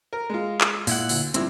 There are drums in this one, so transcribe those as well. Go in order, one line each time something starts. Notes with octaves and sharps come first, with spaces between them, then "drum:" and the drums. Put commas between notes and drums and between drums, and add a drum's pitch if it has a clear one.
A#4
G#3 F4
drum: clap
A#2 E4 F#5, drum: open hi-hat
D2, drum: open hi-hat
G2 F3 C4 E4, drum: hi-hat